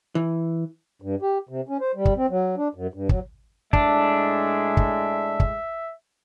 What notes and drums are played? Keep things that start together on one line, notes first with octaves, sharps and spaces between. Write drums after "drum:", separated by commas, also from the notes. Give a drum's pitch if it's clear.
E3
G2
G4
C3
C#4
C5
G3
drum: kick
C4
F#3
D4
F#2
G2
F#3, drum: kick
A2 G#3 D4 E5, drum: kick
drum: kick
drum: kick